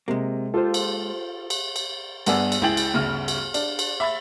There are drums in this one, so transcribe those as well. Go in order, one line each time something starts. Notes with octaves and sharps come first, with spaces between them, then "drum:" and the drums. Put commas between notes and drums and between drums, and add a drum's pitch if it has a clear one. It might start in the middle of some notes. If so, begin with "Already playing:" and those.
C3 G#3 A#3
F4 G4 A4 C5
drum: cymbal
drum: cymbal
drum: cymbal
G1 G2 B3 G#4 D5 E6, drum: cymbal
drum: cymbal
C#2 E4 G#4 G5 A6 F#7
drum: cymbal
G1 D2 C#3 F6
drum: cymbal
D4, drum: cymbal
drum: cymbal
E5 B5 A6